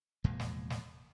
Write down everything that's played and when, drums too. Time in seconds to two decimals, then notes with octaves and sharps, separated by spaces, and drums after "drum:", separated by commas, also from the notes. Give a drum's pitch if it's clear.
0.24 F1 E2 A#2 G#3
0.40 drum: snare
0.70 drum: snare